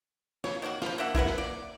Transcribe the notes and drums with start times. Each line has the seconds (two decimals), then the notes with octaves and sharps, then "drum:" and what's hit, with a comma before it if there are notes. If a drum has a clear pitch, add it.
0.44 C#5, drum: snare
0.62 D#3 A#3 E4 F#4
0.82 F3 F4, drum: snare
0.98 A#3 D4 E5 F#5
1.15 E4 A#4 B4 F#5, drum: kick A#1
1.26 drum: snare
1.38 D5